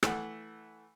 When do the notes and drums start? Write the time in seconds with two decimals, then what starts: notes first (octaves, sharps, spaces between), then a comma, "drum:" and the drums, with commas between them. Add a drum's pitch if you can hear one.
0.03 E3 A3 F#5, drum: rim click